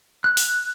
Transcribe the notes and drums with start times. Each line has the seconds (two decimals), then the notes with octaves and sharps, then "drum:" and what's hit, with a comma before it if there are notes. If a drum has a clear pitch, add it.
0.24 F#6
0.37 drum: open hi-hat